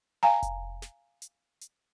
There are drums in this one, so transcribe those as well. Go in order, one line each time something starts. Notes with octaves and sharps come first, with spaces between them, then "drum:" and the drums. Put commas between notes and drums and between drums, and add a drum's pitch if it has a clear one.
F5 G#5 A#5
drum: kick F1, hi-hat
drum: snare
drum: hi-hat
drum: hi-hat